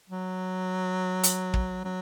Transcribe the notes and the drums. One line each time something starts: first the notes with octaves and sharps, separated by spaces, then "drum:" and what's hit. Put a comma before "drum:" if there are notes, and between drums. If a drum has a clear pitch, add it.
F#3
drum: hi-hat
drum: kick
F#3